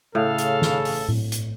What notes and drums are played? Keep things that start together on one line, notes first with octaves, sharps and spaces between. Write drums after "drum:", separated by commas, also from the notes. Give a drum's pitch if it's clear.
A2 C#3 A4 F5
drum: hi-hat
drum: snare
drum: open hi-hat
drum: tom A2
drum: hi-hat